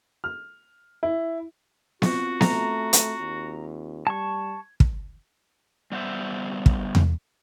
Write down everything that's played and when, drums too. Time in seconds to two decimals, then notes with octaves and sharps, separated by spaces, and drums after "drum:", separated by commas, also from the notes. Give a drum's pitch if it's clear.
0.24 F6
1.03 E4
2.02 C4 F4 F#4 C#6, drum: snare B3
2.41 A3 A#5, drum: snare B3
2.93 drum: hi-hat
3.21 D#2
4.07 G3 A5 C#6 G#6
4.80 drum: kick
5.92 G3 B3 C5 E5
6.66 drum: kick
6.95 drum: tom E2